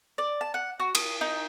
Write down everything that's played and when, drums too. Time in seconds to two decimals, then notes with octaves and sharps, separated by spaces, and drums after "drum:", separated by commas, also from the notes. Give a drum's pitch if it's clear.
0.18 D5
0.41 A5
0.54 F#5
0.80 F#4
0.95 D#6, drum: cymbal
1.21 D#4